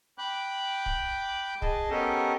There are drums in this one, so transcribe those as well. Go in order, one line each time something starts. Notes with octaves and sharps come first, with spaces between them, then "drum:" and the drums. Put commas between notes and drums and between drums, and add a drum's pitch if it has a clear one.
G5 B5 D6 F#6 G6
drum: kick
G#4 D#5 A5, drum: kick
B3 C#4 G4 A4 A#4 D#5